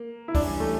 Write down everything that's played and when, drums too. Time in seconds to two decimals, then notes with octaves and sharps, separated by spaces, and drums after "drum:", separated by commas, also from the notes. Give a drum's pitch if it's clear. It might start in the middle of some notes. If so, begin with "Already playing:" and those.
Already playing: A#3
0.28 E4
0.35 E3 G3 C#4 D4, drum: kick, open hi-hat
0.60 A3